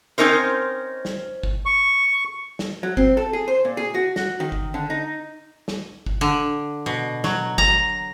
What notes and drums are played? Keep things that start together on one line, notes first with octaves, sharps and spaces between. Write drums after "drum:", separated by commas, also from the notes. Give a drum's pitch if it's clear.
C4 C#4 D#4 A#4 C5
drum: snare
drum: kick
C#6
drum: snare
F#3
C4, drum: kick
A4
G#4
C5
A#2
G#4
F#4
F#4, drum: snare
D#3
drum: kick
D3
D#4
drum: snare
drum: kick
D3
B2
F#3, drum: snare
A#5, drum: kick